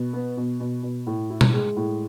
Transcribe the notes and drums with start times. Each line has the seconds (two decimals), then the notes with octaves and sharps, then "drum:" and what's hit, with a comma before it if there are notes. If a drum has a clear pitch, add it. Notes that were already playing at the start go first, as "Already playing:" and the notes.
Already playing: B2
0.13 B3
0.37 B2
0.60 B2
0.83 B2
1.07 A2
1.30 E4
1.41 drum: tom B2
1.54 G#3
1.77 A2